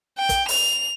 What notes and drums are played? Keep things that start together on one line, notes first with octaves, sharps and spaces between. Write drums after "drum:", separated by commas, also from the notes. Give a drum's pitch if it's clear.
G5
drum: kick, hi-hat
F7, drum: open hi-hat